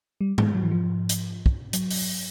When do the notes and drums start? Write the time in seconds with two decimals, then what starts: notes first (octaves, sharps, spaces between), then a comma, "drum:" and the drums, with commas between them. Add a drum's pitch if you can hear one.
0.21 G3
0.38 G#3, drum: tom G#2
0.54 F#3
0.63 E3
0.71 F3
1.09 drum: hi-hat
1.46 drum: kick
1.73 F#3, drum: hi-hat
1.91 drum: open hi-hat